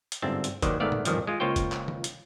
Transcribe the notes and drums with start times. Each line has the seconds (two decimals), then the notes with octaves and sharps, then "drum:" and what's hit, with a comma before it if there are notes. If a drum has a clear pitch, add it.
0.12 drum: hi-hat
0.22 G1 G#2 C4 D4 E5 A5
0.44 drum: hi-hat
0.62 D#2 D#3 F#3 B4 C5 D5, drum: kick F1, hi-hat
0.80 G#2 D#3 A3 B3 D5 F5
0.92 drum: tom A#2
1.05 A1 F2 D#3 F3 G3, drum: hi-hat
1.27 G#3 F4
1.40 C#2 A#3 F4 C5 C#5 G5
1.56 drum: kick F1, hi-hat
1.72 drum: clap
1.88 drum: tom D#3
2.04 drum: hi-hat